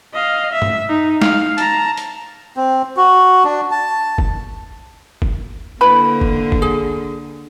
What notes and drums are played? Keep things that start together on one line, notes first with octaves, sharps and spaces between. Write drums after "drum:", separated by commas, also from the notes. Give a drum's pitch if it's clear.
D#5 F5
E5
drum: tom G2
D#4
D#4 F5, drum: snare G#3
A5 A#5, drum: hi-hat
drum: hi-hat
C4
F#4
D4
A5
drum: kick
drum: kick
D3 A#3 E4 B4 B5
drum: kick
drum: kick
G#4